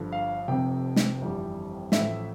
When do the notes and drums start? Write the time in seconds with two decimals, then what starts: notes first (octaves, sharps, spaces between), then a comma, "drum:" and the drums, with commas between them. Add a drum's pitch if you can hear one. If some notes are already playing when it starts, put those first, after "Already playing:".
Already playing: G1 G2 D3 F3
0.12 F5
0.48 F1 F2 C3 G5
0.96 drum: snare
1.21 G1 F2 E3 G3
1.92 A1 A2 F3 E5, drum: snare